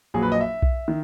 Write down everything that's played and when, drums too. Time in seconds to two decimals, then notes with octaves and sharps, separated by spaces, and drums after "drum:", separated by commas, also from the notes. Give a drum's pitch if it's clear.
0.14 A#1 A#2 F#3 G#4
0.23 B4
0.32 D#5
0.41 E5
0.63 drum: kick B1
0.88 D#3